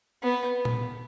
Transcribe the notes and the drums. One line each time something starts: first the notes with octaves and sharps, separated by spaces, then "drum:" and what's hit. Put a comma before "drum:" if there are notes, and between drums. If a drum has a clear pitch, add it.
B3
drum: tom A#2